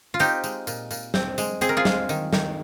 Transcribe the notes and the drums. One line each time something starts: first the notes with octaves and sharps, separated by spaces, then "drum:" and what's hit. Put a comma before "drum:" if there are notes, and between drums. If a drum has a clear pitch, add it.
F4
C4 D#4 G4, drum: tambourine
G#3, drum: tambourine
A#2, drum: tambourine
A#2, drum: tambourine
C4, drum: snare
G#3, drum: tambourine
C4 G#4, drum: tambourine
A#4
F4 G#4
G#3, drum: snare
D#3, drum: tambourine
D#3, drum: snare